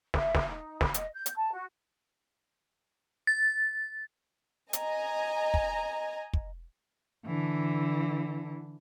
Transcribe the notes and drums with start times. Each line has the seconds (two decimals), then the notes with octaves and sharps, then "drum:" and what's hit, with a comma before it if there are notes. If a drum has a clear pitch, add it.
0.14 E5, drum: snare
0.35 drum: snare
0.49 D#4
0.81 B5, drum: snare
0.94 D#5, drum: hi-hat
1.14 G6
1.26 drum: hi-hat
1.36 A5
1.53 F#4
3.27 A6
4.73 D#5 G#5 A#5, drum: hi-hat
5.54 drum: kick
6.33 drum: kick
7.26 D3 E3